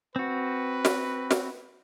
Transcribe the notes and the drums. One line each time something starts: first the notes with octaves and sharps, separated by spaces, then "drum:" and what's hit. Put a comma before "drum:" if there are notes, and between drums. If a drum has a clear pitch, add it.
C4 F#4 B4
drum: snare
drum: snare